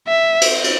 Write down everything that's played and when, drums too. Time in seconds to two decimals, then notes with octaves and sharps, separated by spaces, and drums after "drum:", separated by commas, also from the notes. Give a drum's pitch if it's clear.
0.08 E5
0.41 drum: cymbal
0.64 drum: cymbal